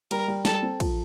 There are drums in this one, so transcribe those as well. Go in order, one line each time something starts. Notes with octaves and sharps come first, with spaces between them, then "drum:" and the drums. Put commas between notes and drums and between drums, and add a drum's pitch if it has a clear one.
G3 A#4, drum: cymbal
G3
G3 A4, drum: snare
C4
F3, drum: kick, cymbal